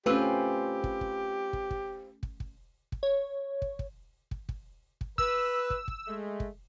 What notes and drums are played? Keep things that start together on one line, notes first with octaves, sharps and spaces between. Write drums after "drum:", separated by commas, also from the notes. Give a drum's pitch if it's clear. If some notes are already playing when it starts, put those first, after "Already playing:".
A3 C4 C#4 F4 G4 B4
drum: kick
drum: kick
drum: kick
drum: kick
drum: kick
drum: kick
drum: kick
C#5
drum: kick
drum: kick
drum: kick
drum: kick
drum: kick
B4 E6, drum: kick
drum: kick
drum: kick
G#3 A3
drum: kick